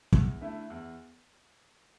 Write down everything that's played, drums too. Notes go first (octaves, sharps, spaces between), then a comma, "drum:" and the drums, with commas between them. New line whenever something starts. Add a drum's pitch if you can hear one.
E2, drum: kick
D3 A3 E4
E2